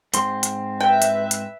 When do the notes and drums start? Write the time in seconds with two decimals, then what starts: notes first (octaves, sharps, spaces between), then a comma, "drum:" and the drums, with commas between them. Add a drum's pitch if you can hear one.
0.14 G#2 C4 C6, drum: hi-hat
0.43 drum: hi-hat
0.80 B4 E5 G5
1.02 drum: hi-hat
1.31 drum: hi-hat